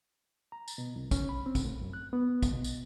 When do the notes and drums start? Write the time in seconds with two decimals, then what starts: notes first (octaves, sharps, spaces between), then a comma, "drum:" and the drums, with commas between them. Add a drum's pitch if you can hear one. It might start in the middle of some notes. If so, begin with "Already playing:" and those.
0.52 A#5
0.68 drum: tambourine
0.78 B2
0.96 C2
1.11 C#4, drum: kick, tambourine
1.29 B5
1.46 C4
1.55 drum: kick, tambourine
1.65 A2
1.81 F#2
1.93 F#6
2.13 B3
2.42 drum: kick, tambourine
2.53 B2
2.64 drum: tambourine